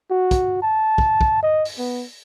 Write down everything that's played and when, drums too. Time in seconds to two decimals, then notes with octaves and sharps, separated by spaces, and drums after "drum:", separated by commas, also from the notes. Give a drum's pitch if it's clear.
0.11 F#4
0.31 drum: kick, hi-hat
0.62 A5
0.98 drum: kick
1.21 drum: kick
1.43 D#5
1.65 drum: open hi-hat
1.78 B3